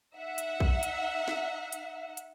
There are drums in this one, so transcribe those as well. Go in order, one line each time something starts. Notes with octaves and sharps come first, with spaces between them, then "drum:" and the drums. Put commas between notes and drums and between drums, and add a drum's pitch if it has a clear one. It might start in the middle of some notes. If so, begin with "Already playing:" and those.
D#4 E5 F#5
drum: hi-hat
drum: kick A#1
drum: hi-hat
drum: snare
drum: hi-hat
drum: hi-hat